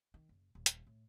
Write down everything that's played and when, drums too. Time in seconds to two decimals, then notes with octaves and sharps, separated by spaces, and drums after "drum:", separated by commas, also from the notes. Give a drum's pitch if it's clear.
0.14 D#3
0.29 F#1
0.55 D#1
0.66 drum: hi-hat
0.86 A2